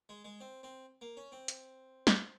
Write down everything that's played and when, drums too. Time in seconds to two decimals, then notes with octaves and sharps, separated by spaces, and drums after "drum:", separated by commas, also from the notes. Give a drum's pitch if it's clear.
0.09 G#3
0.25 G#3
0.40 C4
0.63 C4
1.01 A#3
1.17 C#4
1.32 C4
1.48 drum: hi-hat
2.07 drum: snare